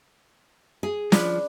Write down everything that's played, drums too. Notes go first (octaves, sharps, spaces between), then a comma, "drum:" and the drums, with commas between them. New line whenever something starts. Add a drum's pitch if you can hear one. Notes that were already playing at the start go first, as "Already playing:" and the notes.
G#4
F3 D4 B4, drum: snare